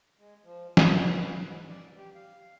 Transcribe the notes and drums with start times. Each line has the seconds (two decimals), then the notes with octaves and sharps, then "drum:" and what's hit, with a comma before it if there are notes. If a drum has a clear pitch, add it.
0.19 G#3
0.44 F3
0.77 G#5, drum: snare
1.04 B4
1.41 G#2
1.69 D5
1.98 G4
2.15 F5